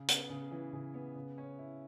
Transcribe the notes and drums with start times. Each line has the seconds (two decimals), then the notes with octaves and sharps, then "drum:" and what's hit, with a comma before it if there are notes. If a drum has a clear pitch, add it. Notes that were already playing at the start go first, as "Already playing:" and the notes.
Already playing: C#3
0.08 B3, drum: hi-hat
0.30 C#3
0.51 E3
0.73 C#3
0.94 B3
1.15 C#3
1.38 C#4
1.59 E4